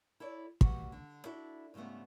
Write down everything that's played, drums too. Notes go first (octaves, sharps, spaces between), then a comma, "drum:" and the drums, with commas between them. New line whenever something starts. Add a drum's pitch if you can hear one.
E4 A4 C#5 D5
G2 F#4 G4 F#5, drum: kick
D3
D4 E4 F#4 A4
G#2 C#3 G3 A3 B3